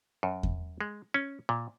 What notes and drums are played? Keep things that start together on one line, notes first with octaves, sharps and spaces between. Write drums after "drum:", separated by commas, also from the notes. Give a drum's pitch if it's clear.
F#2
drum: kick E2
G#3
C#4
A#2